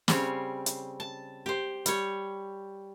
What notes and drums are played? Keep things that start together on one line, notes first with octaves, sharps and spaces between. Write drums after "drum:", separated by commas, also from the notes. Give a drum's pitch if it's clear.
C#3 G3 C4 C#5, drum: snare
drum: hi-hat
A5
G4 C5
G3 C#5, drum: hi-hat